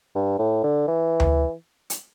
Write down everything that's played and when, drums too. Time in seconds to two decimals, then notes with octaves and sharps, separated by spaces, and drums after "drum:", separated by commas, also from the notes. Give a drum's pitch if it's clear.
0.15 G2
0.39 A2
0.63 D3
0.88 E3
1.20 drum: tom D2
1.90 drum: hi-hat